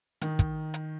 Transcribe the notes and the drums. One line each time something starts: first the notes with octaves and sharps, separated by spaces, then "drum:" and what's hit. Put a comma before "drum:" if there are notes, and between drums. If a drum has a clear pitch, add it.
D#3 D#4, drum: hi-hat
drum: kick, hi-hat
drum: hi-hat